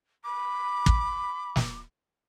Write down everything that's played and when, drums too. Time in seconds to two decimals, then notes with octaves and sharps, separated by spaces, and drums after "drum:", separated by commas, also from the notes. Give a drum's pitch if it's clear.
0.24 B5 D6
0.86 drum: kick
1.56 drum: snare